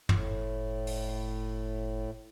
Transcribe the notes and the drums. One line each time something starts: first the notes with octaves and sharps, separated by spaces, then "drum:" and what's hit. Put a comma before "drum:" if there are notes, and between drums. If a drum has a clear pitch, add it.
F#1 A2, drum: tom
drum: open hi-hat